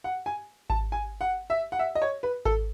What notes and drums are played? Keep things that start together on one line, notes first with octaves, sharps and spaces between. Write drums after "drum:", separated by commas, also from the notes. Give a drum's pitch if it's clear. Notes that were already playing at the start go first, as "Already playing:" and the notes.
F#5
G#5
A5, drum: kick G#1
G#5
F#5
E5
F#5
E5
D#5
C#5
B4
A4, drum: kick G#1